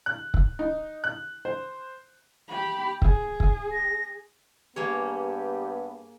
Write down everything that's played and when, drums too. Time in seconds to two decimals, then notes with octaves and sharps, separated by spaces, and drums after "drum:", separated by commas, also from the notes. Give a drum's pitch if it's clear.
0.06 F#6
0.34 drum: kick
0.59 D#4
1.04 F#6
1.45 C5
2.48 G4 B5
3.02 G#4, drum: kick
3.40 drum: kick
3.72 A#6
4.76 G2 A#3 B3 G4 G#4 C#5